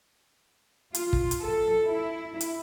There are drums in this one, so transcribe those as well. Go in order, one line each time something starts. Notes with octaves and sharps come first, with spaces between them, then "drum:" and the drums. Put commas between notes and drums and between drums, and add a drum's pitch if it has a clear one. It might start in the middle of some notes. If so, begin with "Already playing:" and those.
F4, drum: hi-hat
drum: kick
drum: hi-hat
A4
E4
drum: hi-hat